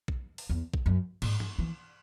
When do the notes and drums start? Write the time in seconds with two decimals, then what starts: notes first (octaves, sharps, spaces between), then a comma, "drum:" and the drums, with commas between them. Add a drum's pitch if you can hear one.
0.08 drum: kick
0.38 drum: open hi-hat
0.49 E2
0.74 drum: kick
0.86 F#2
1.22 G#2, drum: cymbal
1.40 drum: tom G2
1.58 E3